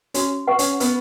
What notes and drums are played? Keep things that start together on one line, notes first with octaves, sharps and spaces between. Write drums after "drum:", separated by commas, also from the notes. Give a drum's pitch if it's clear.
C#4 F#4, drum: hi-hat
B4 F#5 C#6
C#4, drum: hi-hat
B3 B4, drum: hi-hat